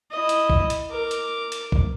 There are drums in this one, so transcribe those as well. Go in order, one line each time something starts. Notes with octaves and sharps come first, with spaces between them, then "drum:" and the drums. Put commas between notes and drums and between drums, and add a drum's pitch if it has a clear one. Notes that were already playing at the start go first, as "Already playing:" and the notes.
E4 D#5
drum: hi-hat
drum: kick A#1
drum: hi-hat
A#4 D6
drum: hi-hat
drum: hi-hat
drum: kick A#1